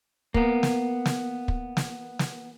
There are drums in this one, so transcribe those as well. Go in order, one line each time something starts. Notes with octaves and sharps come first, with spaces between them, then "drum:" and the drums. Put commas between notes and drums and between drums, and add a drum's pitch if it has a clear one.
A#3 B3, drum: kick
drum: snare
drum: snare
drum: kick
drum: snare
drum: snare